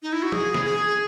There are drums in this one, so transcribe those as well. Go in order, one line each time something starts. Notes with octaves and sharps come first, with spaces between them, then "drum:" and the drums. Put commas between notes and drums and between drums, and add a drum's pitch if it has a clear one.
D#4
E4
F#4
G#4, drum: tom
drum: snare
G#4